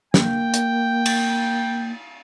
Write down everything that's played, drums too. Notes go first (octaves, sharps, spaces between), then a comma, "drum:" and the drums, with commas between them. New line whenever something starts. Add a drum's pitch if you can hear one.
A#3 G5, drum: snare
drum: hi-hat
drum: cymbal